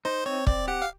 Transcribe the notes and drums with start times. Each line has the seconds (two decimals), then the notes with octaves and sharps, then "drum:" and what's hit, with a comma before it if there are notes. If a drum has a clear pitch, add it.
0.05 D#4 C5
0.26 C4 C#5
0.47 C4 D5, drum: kick
0.68 G4 F#5
0.82 F5